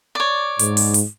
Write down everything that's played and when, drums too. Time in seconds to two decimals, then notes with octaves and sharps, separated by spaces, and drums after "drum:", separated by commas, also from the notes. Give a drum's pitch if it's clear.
0.15 C#5 D5
0.59 G#2, drum: hi-hat
0.77 drum: open hi-hat
0.94 drum: hi-hat